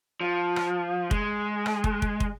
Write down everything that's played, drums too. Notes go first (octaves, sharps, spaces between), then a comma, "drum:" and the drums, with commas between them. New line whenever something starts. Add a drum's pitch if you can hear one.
F3
drum: rim click
G#3, drum: kick
drum: rim click
drum: kick
drum: kick
drum: kick